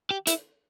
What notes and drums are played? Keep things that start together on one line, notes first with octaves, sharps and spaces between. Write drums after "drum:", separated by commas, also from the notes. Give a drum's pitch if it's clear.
G4
E4, drum: hi-hat